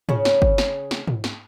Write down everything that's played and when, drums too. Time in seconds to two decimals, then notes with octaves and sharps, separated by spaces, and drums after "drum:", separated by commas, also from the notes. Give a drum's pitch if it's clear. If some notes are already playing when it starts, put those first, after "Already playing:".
0.09 C#3 C#4, drum: tom G#2
0.25 drum: snare
0.42 drum: kick G1
0.58 drum: snare
0.91 drum: snare
1.07 drum: tom G#2
1.24 drum: snare